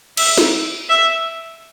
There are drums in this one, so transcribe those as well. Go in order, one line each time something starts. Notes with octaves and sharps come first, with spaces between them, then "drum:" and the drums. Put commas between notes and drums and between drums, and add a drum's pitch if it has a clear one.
E5, drum: cymbal
drum: snare
E5